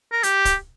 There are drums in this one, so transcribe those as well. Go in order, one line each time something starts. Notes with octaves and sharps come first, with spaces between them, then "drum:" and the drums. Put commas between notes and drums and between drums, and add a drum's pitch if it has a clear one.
A#4
G4, drum: hi-hat
drum: kick, hi-hat